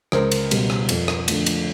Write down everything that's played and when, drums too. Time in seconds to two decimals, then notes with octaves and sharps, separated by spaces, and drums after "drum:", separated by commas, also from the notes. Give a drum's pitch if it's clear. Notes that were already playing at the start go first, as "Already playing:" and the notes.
0.12 C#2 A#4 C5, drum: rim click
0.32 drum: cymbal
0.51 B2 G3, drum: cymbal
0.70 drum: rim click
0.89 F2, drum: cymbal
1.08 drum: rim click
1.28 D3 F3 A3, drum: cymbal
1.46 drum: cymbal